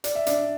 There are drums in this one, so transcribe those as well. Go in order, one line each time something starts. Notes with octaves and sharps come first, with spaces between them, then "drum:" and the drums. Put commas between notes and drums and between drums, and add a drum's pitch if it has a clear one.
D5, drum: hi-hat
E5
D4 D5, drum: hi-hat